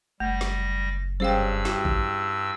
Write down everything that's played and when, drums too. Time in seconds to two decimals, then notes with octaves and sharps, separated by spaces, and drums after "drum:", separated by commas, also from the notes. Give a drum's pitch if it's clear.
0.20 F#1 G3 A3 A#6
0.41 drum: snare
1.20 G2 G3 C#4 G#4 C5 F5 G5 E6
1.65 E4 F#4 G4, drum: snare
1.85 drum: kick A1